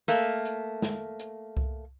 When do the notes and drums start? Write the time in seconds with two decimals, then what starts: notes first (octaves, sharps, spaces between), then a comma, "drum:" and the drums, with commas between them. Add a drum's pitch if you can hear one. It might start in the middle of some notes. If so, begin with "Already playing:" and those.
0.08 A3 A#3, drum: hi-hat
0.45 drum: hi-hat
0.82 drum: snare
1.19 drum: hi-hat
1.57 drum: kick C2